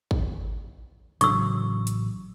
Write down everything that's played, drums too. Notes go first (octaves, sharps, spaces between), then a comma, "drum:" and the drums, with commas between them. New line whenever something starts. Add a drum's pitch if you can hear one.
drum: kick
A1 C#3 F#3 C#6 E6, drum: hi-hat
drum: hi-hat